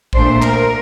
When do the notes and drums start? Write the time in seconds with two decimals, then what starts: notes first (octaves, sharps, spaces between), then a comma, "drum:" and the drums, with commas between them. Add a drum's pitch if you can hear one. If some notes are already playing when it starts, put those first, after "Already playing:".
0.13 A#2 A3 D4 C5, drum: kick A#1
0.42 A#4, drum: clap